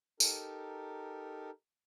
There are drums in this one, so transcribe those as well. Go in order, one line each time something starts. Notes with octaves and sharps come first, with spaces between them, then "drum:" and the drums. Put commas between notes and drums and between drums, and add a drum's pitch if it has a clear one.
D#4 G4 A4 A#4, drum: tambourine